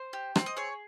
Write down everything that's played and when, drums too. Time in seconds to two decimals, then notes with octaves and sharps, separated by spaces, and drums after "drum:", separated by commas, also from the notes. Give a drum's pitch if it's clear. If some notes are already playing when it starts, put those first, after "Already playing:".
Already playing: C5
0.13 G4
0.36 C4, drum: rim click
0.46 D#5
0.57 G#4 C#5